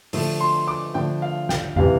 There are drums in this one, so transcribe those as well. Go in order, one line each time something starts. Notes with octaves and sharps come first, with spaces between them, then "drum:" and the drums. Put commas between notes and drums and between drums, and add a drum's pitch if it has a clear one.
D3 F3 A3, drum: open hi-hat
C6
D6
D3 F3 A3 G5
F5
G5, drum: snare
C3 E3 G3 F5, drum: tom